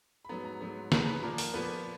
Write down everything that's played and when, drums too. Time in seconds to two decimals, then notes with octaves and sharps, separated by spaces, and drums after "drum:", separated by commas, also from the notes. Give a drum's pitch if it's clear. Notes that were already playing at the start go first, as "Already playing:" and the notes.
0.25 B5
0.29 G#2 F#3 B3 A#5
0.45 A#5
0.61 G#2 F#3 B3
0.92 C#3 F3 B3 A#5, drum: snare
1.07 B4
1.23 A#2 F3 A#3 A#4
1.38 A#4, drum: open hi-hat
1.54 A#2 F3 B3 B4
1.69 B4